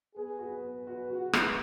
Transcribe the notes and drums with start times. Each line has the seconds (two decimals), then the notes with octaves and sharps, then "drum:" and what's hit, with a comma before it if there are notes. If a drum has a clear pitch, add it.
0.16 B3 G#4
0.39 F#4 B4
0.62 B3
0.87 F#4 B4
1.10 C#3 F#4
1.33 G#3 B3 G#4, drum: rim click